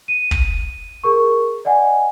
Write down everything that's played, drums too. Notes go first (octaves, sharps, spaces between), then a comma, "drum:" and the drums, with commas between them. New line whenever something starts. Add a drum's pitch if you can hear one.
D#7
drum: kick
G#4 A#4 C#6
D5 D#5 F#5 G#5